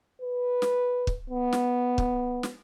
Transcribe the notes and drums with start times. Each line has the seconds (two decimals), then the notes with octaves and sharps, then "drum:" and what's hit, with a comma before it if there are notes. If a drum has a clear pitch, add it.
0.22 B4
0.62 drum: snare
1.07 drum: kick
1.30 B3
1.53 drum: snare
1.98 drum: kick
2.43 drum: snare